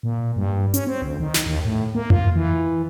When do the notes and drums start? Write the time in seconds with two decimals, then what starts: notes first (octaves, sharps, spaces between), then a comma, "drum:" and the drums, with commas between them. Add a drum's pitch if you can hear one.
0.03 A#2
0.36 G2
0.74 C#4, drum: hi-hat
0.87 C4
1.02 D2
1.20 D#3
1.34 drum: snare
1.46 D#2
1.65 A2
1.95 A#3
2.10 F4, drum: tom F2
2.35 E3